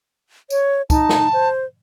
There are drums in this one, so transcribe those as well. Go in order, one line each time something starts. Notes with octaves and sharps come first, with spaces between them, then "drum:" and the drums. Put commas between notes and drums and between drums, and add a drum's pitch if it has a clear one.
C#5, drum: tambourine
D#4 A5, drum: kick, tambourine
drum: snare
C5